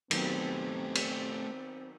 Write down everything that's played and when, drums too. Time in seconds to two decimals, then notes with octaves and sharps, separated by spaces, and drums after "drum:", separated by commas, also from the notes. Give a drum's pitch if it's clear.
0.11 D#3 F#3 A3 B3 C4 G4, drum: cymbal
0.96 drum: cymbal